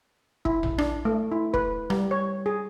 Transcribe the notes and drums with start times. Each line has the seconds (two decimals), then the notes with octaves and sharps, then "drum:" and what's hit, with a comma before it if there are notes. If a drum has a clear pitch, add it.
0.45 E4, drum: kick E1
0.63 drum: tom A#1
0.78 D4, drum: rim click
1.05 A3
1.32 E4
1.54 B4, drum: kick E1
1.90 G3, drum: rim click
2.11 C#5
2.46 G#4